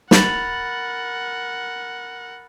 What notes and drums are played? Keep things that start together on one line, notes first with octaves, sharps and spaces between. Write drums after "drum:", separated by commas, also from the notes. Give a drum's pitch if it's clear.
A#4 F#5 B5 A6 F#7, drum: snare